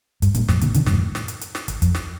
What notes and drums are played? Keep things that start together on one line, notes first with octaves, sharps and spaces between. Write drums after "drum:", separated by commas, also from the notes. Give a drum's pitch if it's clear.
G2, drum: hi-hat
G2 A#2, drum: hi-hat
F2 A2, drum: snare
A#2 D3, drum: kick, hi-hat
C3 D#3, drum: hi-hat
G2, drum: snare
F2 A2
drum: snare
drum: hi-hat
drum: hi-hat
drum: snare
drum: kick, hi-hat
F2, drum: hi-hat
drum: snare